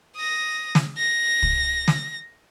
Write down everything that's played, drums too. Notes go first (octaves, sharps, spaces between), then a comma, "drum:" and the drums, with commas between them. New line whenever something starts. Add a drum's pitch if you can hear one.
D#6 A#6
drum: snare
A#6
drum: kick
drum: snare